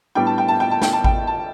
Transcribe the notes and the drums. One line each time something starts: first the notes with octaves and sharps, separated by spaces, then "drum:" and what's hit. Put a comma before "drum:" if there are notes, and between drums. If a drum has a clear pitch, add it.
A2 G3 B3 D4 G5
A5
G5
A5
G5
A5
G5, drum: snare
A5
G5, drum: kick G#1
A5